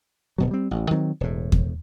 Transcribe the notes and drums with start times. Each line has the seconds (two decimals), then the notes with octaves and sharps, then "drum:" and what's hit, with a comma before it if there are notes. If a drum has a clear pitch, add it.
0.38 D1 B2 F#3
0.51 G3 C4
0.71 A1
0.91 D#3 F#3 C4
1.21 E1 A2
1.52 drum: kick E2